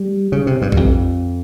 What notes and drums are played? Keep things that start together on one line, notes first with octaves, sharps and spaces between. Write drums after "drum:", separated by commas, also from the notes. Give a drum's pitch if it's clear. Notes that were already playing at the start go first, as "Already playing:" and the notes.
Already playing: G3
C#3
C3
G2
G2, drum: kick A#1
F2